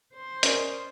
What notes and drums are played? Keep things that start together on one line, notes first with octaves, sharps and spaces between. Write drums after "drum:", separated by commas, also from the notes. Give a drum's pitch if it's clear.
C5
C#4 A#4 D5 D#5, drum: hi-hat